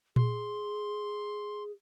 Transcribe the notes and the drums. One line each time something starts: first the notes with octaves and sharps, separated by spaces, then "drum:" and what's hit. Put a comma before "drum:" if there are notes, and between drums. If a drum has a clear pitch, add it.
G#4 C6, drum: tom A#2